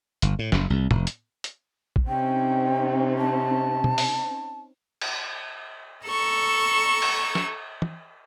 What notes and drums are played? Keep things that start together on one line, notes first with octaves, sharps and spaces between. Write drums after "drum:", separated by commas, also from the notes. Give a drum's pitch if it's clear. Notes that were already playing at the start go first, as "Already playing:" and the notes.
G1, drum: hi-hat
A2
F#1, drum: snare
C2
F1, drum: tom
drum: hi-hat
drum: hi-hat
drum: kick
C3 C4 C#4 D#4 G5
A5
drum: tom B2
drum: open hi-hat
drum: cymbal
A4 A#5 C#6 E6
drum: cymbal
drum: snare
drum: tom